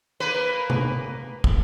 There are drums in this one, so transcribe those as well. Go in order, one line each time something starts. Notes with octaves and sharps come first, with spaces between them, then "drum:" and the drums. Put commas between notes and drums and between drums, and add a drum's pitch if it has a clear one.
A#3 B4
drum: tom C3
drum: kick